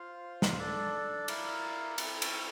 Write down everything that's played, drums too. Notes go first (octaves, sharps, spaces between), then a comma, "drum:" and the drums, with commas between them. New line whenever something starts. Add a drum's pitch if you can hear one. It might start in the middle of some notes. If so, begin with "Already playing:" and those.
Already playing: F4 C5 F5
drum: snare
D4 A4 D5
E4 A#4 D5 F5, drum: cymbal
C4 E4 A4, drum: cymbal
drum: cymbal